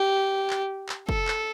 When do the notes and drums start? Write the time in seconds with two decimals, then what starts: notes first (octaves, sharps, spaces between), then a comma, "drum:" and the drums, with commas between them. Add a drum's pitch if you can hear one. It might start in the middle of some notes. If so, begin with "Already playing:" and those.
Already playing: G4
0.50 drum: clap
0.89 drum: clap
1.09 A4, drum: kick
1.28 drum: clap